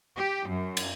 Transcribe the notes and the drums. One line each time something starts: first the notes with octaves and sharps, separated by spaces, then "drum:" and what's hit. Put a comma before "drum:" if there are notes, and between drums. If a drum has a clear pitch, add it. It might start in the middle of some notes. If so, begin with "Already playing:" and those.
G4
F#2
drum: cymbal